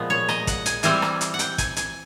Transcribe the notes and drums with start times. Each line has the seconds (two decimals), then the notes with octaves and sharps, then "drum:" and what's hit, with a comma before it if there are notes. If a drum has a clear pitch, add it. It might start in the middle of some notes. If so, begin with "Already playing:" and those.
Already playing: A#2 F3 G#3 B3
0.10 C#5
0.29 D#5, drum: rim click
0.47 F#5, drum: kick, hi-hat
0.66 G#5, drum: hi-hat
0.83 E3 G3 C4 G#5, drum: hi-hat
1.02 drum: rim click
1.21 drum: hi-hat
1.34 F#5
1.39 G5, drum: hi-hat
1.58 G#5, drum: kick, hi-hat
1.77 G#5, drum: hi-hat